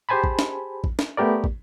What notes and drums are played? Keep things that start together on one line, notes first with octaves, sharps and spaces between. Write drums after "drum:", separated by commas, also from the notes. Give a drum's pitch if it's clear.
G4 G#4 C5 G#5 A5 B5
drum: kick
drum: snare
drum: kick
drum: snare
A3 B3 G4 A#4 D5
drum: kick